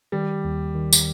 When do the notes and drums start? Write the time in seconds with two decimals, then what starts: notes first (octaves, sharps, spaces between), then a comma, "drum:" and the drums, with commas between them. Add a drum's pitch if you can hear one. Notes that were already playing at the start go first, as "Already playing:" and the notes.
0.12 D#3 G3
0.44 D#2
0.74 D#3
0.93 drum: tambourine